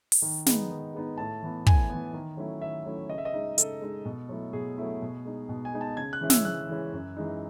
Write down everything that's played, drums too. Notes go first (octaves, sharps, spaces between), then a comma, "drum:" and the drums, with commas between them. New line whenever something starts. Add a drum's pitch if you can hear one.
drum: open hi-hat
D#3
G#3 B3 D#4, drum: snare
D#3
G#3 B3 D#4
A2 A5
E3 B3
A2 G#5, drum: kick
E3 B3
D#3
F#3 A3 C#4 E4
D#3 E5
F#3 A3 C#4 E4
C#3 D#5
E5
D#5
G#3 D#4
C#3 A4, drum: hi-hat
G#3 D#4
B2
F#3 A3 E4
B2 G#4
F#3 A3 E4
B2
G#3 D#4
B2
G#5
G#3 D#4
A5
C#3 G#6
F#6
E3 G#3 C#4 E4
E6, drum: snare
C#3 F#6
E3 G#3 C#4 E4
F#2
E3 G#3 D#4